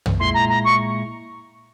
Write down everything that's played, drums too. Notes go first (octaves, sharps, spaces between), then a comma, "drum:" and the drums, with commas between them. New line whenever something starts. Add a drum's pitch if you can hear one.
drum: tom
A#2 G#3 E4 C6
A#5
A#5
C#6